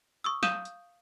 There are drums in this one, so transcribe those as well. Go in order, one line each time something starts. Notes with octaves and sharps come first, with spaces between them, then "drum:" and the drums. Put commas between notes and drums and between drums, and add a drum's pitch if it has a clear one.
C#6 D#6 E6
F5 D#6 G6 D#7 E7, drum: snare
drum: hi-hat